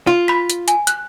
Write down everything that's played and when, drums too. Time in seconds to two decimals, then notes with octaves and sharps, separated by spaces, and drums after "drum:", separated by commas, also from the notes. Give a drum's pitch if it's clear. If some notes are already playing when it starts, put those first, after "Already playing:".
0.07 F4
0.28 B5 B6
0.50 drum: hi-hat
0.68 G#5, drum: hi-hat
0.87 F#6, drum: hi-hat